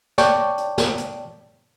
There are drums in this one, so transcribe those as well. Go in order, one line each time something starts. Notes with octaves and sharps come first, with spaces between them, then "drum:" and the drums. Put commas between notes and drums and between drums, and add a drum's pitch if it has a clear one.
C#5 D5 G5 A5 C#6, drum: snare
drum: hi-hat
drum: snare
drum: hi-hat